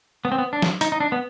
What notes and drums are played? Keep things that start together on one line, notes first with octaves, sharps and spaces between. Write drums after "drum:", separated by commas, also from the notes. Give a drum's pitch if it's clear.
B3
C4
B3
D4
drum: snare
D#4, drum: hi-hat
D#4
D4
B3